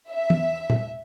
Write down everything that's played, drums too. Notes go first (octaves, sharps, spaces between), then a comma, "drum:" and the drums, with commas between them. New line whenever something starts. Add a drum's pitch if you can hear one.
E5
drum: tom
drum: tom A#2